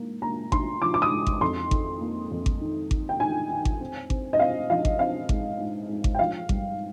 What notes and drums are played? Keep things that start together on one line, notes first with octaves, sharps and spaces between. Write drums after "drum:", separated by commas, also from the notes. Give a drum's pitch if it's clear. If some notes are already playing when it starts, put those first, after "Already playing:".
Already playing: G#2 A#3
A#3 A#5
D4 C6, drum: kick G#1
F3 D6
D6
D#6
G#2
drum: kick G#1
F2 C6
D#3, drum: kick G#1
A#3
F2
drum: kick G#1
D#3
D#3, drum: kick G#1
G5
D#3 G#5
D#3
drum: kick G#1
C4
C4, drum: kick G#1
D#5
C4 F5
F3 F5
drum: kick G#1
C4 F5
G#2, drum: kick G#1
G#2
G#2
drum: kick G#1
G5
F3 F5
G2, drum: kick G#1